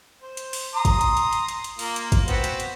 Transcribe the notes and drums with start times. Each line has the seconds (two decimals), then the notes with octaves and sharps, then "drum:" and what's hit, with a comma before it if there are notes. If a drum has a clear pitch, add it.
0.23 C5
0.37 drum: hi-hat
0.53 drum: open hi-hat
0.75 A#5 C6 D#6
0.85 drum: kick, hi-hat
1.01 drum: hi-hat
1.17 drum: hi-hat
1.33 drum: hi-hat
1.48 drum: hi-hat
1.64 drum: hi-hat
1.79 A#3 F4, drum: open hi-hat
1.96 drum: hi-hat
2.12 drum: kick, hi-hat
2.28 B3 C4 F#4, drum: hi-hat
2.44 drum: hi-hat
2.60 drum: hi-hat